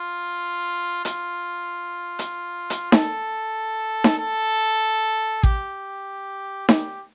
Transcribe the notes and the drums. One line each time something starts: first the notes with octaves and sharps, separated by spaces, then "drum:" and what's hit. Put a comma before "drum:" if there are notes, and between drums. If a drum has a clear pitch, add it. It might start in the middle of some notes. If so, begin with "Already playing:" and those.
Already playing: F4
F4, drum: hi-hat
drum: hi-hat
drum: hi-hat
A4, drum: snare D#4
drum: snare D#4
A4
G4, drum: kick A1
G4, drum: snare D#4